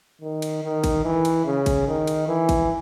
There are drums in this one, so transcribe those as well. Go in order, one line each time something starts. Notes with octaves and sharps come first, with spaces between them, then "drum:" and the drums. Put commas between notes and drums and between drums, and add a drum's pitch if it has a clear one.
D#3
drum: cymbal
D#3
drum: kick G#1, cymbal
E3
drum: cymbal
C#3
drum: kick G#1, cymbal
D#3
drum: cymbal
E3
drum: kick G#1, cymbal